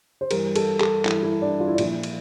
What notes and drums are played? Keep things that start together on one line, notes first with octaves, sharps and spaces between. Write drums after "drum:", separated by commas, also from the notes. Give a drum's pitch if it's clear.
C5
G2 E3 G3 A#4, drum: cymbal
A4, drum: cymbal
A4, drum: clap
G2 E3 G3 E4, drum: clap
E4
D4
F4
E4
D4
A#2 F3 E4, drum: cymbal
drum: cymbal